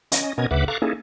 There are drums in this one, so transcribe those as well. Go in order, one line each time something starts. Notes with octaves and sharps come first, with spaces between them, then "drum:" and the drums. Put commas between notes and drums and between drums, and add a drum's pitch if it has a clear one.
C#4 D#5, drum: hi-hat
B2 B3 C#4 A#4 D#5 G#6
D2 C#3 B4 E5 F#5 D6
A4 F5 A#5 C#6 D6 F#6
A#3 C#4 D#4 E4 G#4 A4